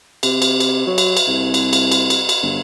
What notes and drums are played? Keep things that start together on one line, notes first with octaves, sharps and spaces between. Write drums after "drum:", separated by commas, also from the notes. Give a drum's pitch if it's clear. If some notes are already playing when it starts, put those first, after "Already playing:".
C3, drum: cymbal
drum: cymbal
drum: cymbal
F#3
drum: cymbal
drum: cymbal
C2
drum: cymbal
drum: cymbal
drum: cymbal
drum: cymbal
drum: cymbal
G1